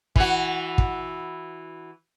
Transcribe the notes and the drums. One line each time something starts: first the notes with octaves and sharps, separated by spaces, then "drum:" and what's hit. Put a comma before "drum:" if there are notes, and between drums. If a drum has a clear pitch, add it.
E3 F#4, drum: kick
drum: kick